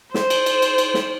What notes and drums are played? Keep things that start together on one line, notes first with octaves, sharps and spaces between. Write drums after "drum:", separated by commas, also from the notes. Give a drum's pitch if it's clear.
C5, drum: snare
drum: cymbal
drum: cymbal
drum: cymbal
drum: cymbal
drum: snare